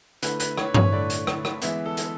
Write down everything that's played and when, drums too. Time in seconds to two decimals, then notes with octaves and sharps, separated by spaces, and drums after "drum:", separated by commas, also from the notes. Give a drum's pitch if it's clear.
0.22 D3 A3 E4 B4, drum: hi-hat
0.40 B4, drum: hi-hat
0.57 C#5, drum: rim click
0.74 C#5, drum: tom G2
0.92 D3 A3 E4 D5
1.10 drum: hi-hat
1.27 drum: rim click
1.45 drum: rim click
1.62 E3 G#3 B3 E5, drum: hi-hat
1.86 A4
1.97 drum: hi-hat